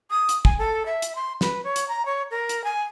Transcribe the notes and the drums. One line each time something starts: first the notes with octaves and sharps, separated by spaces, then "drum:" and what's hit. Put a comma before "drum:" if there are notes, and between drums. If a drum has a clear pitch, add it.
D#6
drum: hi-hat
G#5, drum: kick
A4
E5
drum: hi-hat
C6
B4, drum: snare
C#5
drum: hi-hat
A#5
C#5
A#4
drum: hi-hat
G#5